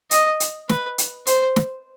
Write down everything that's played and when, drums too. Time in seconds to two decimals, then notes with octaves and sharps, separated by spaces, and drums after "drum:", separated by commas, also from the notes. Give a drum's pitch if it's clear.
0.11 D#5, drum: hi-hat
0.40 drum: hi-hat
0.69 B4, drum: snare
0.98 drum: hi-hat
1.27 C5, drum: hi-hat
1.56 drum: snare